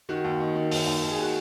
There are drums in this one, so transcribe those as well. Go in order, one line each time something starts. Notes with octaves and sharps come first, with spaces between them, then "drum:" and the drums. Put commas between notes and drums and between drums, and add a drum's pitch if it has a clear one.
D#3 F#4
D#2
D#3
D#3
D#2, drum: open hi-hat
D#2
D#2
G#4
D#3 F#4